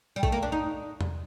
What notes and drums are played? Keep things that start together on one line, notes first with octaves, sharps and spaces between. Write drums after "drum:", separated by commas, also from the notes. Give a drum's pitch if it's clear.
G3
A3, drum: kick A#1
A#3
D4
D#4
drum: tom E2